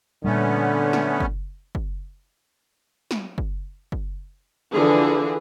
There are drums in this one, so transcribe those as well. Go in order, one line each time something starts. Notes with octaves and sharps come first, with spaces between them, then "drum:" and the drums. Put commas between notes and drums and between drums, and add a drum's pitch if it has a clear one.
A#2 D3 G3 A3 B3 C#4
drum: snare
drum: kick
drum: kick
drum: snare
drum: kick
drum: kick
D3 E3 F3 D4 G#4